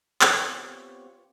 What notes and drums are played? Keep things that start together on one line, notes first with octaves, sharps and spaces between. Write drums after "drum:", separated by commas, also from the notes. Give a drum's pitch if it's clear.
C3, drum: clap
B3 C4 F4 G4 C#5